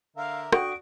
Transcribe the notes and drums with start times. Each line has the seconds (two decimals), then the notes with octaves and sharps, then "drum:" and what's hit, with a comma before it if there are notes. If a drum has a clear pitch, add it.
0.16 D3 A#4 E5 F5
0.52 D3 F#4 D5 G5 C#6 D#6 D7, drum: rim click